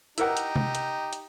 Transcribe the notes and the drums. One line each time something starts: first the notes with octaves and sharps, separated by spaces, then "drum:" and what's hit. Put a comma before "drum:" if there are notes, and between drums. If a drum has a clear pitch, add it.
D#4 E4 G4 A#4 F#5, drum: hi-hat
drum: hi-hat
drum: tom C3
drum: hi-hat
drum: hi-hat